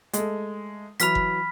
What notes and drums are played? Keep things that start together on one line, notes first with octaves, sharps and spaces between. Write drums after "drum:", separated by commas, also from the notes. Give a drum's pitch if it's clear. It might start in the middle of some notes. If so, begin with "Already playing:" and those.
G#3 A3, drum: hi-hat
E3 F#3 B5 F6 B6, drum: hi-hat
drum: kick G1